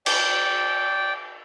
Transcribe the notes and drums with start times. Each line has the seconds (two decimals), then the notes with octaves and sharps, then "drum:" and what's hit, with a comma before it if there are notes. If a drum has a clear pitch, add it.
0.06 D5 G5, drum: cymbal